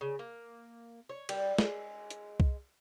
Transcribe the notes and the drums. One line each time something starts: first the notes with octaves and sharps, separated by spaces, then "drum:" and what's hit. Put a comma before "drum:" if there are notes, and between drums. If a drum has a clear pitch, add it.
C#3
A#3
C#5
G3, drum: cymbal
G#3, drum: snare
drum: hi-hat
drum: kick C2